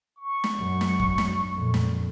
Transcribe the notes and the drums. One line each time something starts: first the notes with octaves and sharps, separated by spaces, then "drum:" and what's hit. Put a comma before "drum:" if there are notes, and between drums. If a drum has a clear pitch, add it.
C#6
drum: snare
F#2 F#3
drum: snare
drum: kick
drum: snare
F2 A#2
drum: snare